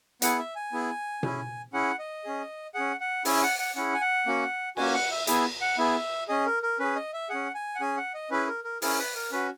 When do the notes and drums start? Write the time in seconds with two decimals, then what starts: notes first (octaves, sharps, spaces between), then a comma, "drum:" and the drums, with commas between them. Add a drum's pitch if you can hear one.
0.22 B3 E4 G#4 F#5, drum: hi-hat
0.39 E5
0.56 G#5
0.72 B3 E4 G#4
1.23 C#4 E4 G#4, drum: tom B2
1.73 C#4 E4 G#4 F#5
1.99 D#5
2.24 C#4 G#4
2.74 C#4 G#4 F#5
3.00 F#5
3.25 C#4 E4 G#4 E5, drum: open hi-hat
3.43 F#5
3.59 F#5
3.75 C#4 E4 G#4 F#5
3.94 G#5
4.01 F#5
4.26 A#3 C#4 F#4
4.77 A#3 C#4 F#4 G#5, drum: cymbal
4.94 F#5
5.11 E5
5.27 B3 E4 G#4 E5, drum: hi-hat
5.61 F#5
5.78 B3 E4 G#4 E5
6.28 C#4 G#4 D#5
6.46 A#4
6.63 A#4
6.79 C#4 G#4 B4
6.96 D#5
7.13 E5
7.29 C#4 G#4 F#5
7.55 G#5
7.75 F#5
7.80 C#4 G#4 G#5
7.97 F#5
8.14 D#5
8.31 C#4 E4 G#4 B4
8.47 A#4
8.64 A#4
8.82 C#4 E4 G#4 A#4, drum: open hi-hat
8.99 B4
9.15 A#4
9.32 C#4 F#4 B4